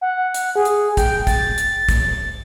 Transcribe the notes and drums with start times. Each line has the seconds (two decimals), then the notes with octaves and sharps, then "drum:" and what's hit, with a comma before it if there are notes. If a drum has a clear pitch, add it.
0.01 F#5
0.34 drum: hi-hat
0.56 G#4
0.65 drum: hi-hat
0.97 G5, drum: kick, hi-hat
1.27 A6, drum: kick, hi-hat
1.58 drum: hi-hat
1.89 drum: kick, hi-hat